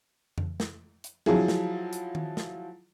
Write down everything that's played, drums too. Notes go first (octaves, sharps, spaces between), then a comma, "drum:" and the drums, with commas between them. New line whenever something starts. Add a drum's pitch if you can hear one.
drum: tom F2
drum: snare
drum: hi-hat
F3 F#3 E4 G#4, drum: tom G3
drum: snare
drum: hi-hat
drum: tom D#3
drum: snare